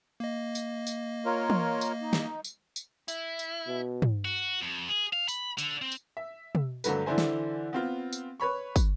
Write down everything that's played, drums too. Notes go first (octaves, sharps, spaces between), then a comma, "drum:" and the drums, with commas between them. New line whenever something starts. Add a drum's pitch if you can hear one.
A#3 D#5
drum: tambourine
drum: tambourine
F4 A#4 C#5
drum: tom
drum: tambourine
D#4
drum: snare
drum: tambourine
drum: tambourine
E4, drum: tambourine
drum: tambourine
B2
drum: tom
F#4
F2
G#4
F5
B5, drum: tambourine
D3, drum: tambourine
C4
drum: tambourine
E5
drum: tom
G1 D3 F#3 A3 B4, drum: tambourine
D3 E3 D4 E4 C5 G#5
drum: snare
B3 C4 F4
drum: tambourine
B4 C#5 B5 C#6
drum: kick, tambourine